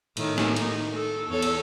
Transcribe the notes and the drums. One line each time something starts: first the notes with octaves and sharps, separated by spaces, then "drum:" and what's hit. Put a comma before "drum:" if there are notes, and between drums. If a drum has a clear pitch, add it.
A2 D#3, drum: cymbal
drum: snare
D#4, drum: cymbal
A4
E2 A4 C#5
drum: cymbal